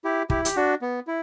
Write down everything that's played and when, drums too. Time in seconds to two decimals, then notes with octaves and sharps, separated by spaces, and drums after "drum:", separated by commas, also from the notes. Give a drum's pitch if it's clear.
0.05 E4 G4
0.30 E4 G4, drum: kick
0.45 G4, drum: hi-hat
0.56 D4 F#4
0.82 B3
1.07 E4